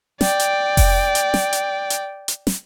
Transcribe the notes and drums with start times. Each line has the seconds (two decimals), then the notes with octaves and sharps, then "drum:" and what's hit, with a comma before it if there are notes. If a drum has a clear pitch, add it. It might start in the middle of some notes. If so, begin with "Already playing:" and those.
0.21 D5 G5, drum: snare
0.40 drum: hi-hat
0.77 drum: kick F1, open hi-hat
1.15 drum: hi-hat
1.34 drum: snare
1.53 drum: hi-hat
1.90 drum: hi-hat
2.28 drum: hi-hat
2.47 drum: snare